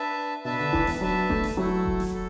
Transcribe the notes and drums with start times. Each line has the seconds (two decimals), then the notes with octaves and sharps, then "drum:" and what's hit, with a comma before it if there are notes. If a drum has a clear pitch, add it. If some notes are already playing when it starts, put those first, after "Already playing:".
Already playing: D4 B4 E5 A5
0.45 B2 D4 B4 E5 A5
0.59 D3
0.73 E3, drum: kick E1
0.87 B3, drum: snare D#1
1.01 F#3 D4 B4 E5 A5
1.30 A3, drum: kick E1
1.44 drum: snare D#1
1.57 F#3 A3 E4 A4
1.86 drum: kick E1
2.00 drum: snare D#1
2.14 A4